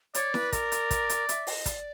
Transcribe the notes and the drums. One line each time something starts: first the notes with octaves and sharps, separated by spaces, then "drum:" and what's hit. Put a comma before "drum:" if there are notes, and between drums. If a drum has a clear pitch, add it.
C#5 D5, drum: hi-hat
B4, drum: snare E4
A#4 D5, drum: kick, hi-hat
drum: hi-hat
drum: kick, hi-hat
drum: hi-hat
E5, drum: hi-hat
D#5, drum: open hi-hat
D5, drum: kick, hi-hat